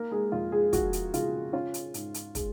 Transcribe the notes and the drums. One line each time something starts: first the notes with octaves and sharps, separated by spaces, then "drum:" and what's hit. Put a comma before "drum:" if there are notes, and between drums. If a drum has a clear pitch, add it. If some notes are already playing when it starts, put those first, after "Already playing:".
Already playing: A#3 A#4
G#3 G#4
F2 F4
G#3 G#4
F3 F#4, drum: kick, hi-hat
drum: hi-hat
C#3 F4, drum: hi-hat
C#4 F4
drum: hi-hat
G#2, drum: hi-hat
drum: hi-hat
G#3, drum: kick, hi-hat